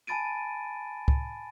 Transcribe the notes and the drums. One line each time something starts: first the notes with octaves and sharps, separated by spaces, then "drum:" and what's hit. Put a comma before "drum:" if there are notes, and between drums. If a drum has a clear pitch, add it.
G#5 A5 B5 A6 D7 D#7
drum: kick